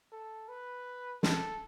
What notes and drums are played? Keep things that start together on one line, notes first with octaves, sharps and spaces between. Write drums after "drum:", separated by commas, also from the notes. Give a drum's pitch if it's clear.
A4
B4
A4, drum: snare